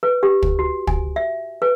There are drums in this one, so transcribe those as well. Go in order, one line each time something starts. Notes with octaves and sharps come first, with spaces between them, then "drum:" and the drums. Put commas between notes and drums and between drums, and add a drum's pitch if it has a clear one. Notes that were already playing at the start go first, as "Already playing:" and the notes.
B4
G4
drum: kick
F#4
G#5, drum: kick
E5
B4